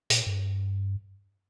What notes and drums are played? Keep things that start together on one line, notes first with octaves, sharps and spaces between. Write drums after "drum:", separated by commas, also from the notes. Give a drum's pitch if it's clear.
A#2, drum: hi-hat
G2